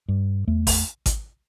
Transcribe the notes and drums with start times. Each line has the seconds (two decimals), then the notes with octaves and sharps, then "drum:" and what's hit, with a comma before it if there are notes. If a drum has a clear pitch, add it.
0.08 G2
0.47 E2 A3
0.67 drum: kick G#1, open hi-hat
1.06 drum: kick G#1, hi-hat